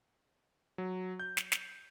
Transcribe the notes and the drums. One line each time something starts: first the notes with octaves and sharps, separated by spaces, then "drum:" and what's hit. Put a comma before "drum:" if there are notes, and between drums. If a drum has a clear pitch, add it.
F#3
G6
drum: snare
drum: snare